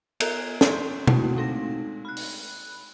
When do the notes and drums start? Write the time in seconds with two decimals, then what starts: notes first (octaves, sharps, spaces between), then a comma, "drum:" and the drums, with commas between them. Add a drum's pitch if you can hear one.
0.20 B3 A4 A#4 A#5 G#6 C7, drum: cymbal
0.61 C6 C#6 G6, drum: snare
1.07 A3 A#3 C4 E4 F#4, drum: tom B2
1.36 G#3 D#4 A#6
2.05 B5 F#6
2.16 drum: open hi-hat